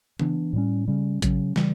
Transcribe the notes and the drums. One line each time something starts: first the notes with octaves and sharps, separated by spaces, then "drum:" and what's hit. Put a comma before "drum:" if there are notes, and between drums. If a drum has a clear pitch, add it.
E3 B3 D4, drum: tom C#3
A2 G3 C#4
C#3 G3 C#4
C#3 F#3 C#4, drum: kick A1, hi-hat
C#3 E3 G3, drum: snare